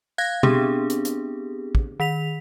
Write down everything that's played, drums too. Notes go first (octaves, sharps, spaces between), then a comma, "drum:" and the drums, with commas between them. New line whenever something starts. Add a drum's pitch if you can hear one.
F5 F#6 G#6 A#6
B3 C4 D4 G4 G#4, drum: tom B2
drum: hi-hat
drum: hi-hat
drum: kick
D#3 B6 F7